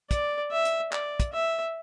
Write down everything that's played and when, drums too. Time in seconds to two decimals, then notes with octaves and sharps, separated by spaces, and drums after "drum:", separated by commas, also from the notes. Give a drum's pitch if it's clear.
0.11 D5, drum: kick, hi-hat
0.52 E5
0.65 drum: hi-hat
0.93 D5, drum: clap
1.20 drum: kick, hi-hat
1.33 E5